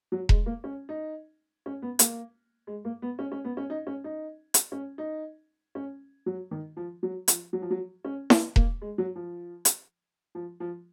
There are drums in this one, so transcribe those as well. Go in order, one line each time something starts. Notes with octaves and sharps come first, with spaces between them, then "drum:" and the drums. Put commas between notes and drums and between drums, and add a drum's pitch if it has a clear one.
F#3
G#3, drum: kick E1
A#3
C#4
D#4
C#4
B3
A#3, drum: hi-hat
G#3
A#3
B3
C#4
C#4
B3
C#4
D#4
C#4
D#4
drum: hi-hat
C#4
D#4
C#4
F#3
D#3
F3
F#3
F3, drum: hi-hat
F#3
F3
F#3
C#4
A#3, drum: snare E4
A#3, drum: kick E1
G#3
F#3
F3
drum: hi-hat
F3
F3